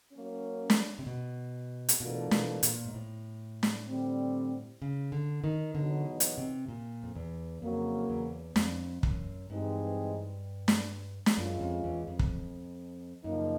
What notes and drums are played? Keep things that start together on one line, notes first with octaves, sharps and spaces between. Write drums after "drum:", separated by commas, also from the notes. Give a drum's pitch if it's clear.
F#3 A#3 C#4
drum: snare
C3
B2
drum: hi-hat
B2 E3 A3 D4 F4 A#4
B2, drum: snare
A#2, drum: hi-hat
G#2
A2
drum: snare
D3 G3 C4
C#3
D3
D#3
E2 B2 D3 F#3 B3 D#4
drum: hi-hat
C3
A#2
F2
E2
F2 C#3 F#3 A#3
E2
F2, drum: snare
F#2, drum: kick
G2 E3 G#3 C4 D#4 G4
drum: snare
drum: snare
F#2 G#3 C#4 F4
F2
E2
F2
drum: kick
F#2 C#3 F3 A#3 D#4